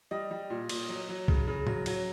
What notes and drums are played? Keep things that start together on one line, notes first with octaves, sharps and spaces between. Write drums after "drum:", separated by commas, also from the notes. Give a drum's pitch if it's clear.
G3 D#5
G3
A#2
A#2, drum: cymbal
F#3
F#3
C#3, drum: kick C2
C#3
F#3, drum: tom A2
F#3, drum: cymbal